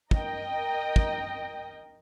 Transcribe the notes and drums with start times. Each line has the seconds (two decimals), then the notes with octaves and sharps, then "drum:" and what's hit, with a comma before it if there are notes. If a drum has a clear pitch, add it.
0.11 A#4 D#5 G5, drum: kick
0.96 drum: kick